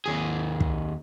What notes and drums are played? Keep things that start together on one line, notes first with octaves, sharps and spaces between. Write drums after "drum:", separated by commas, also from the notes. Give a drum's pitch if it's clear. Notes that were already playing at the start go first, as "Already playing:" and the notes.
D#2 G#4
drum: kick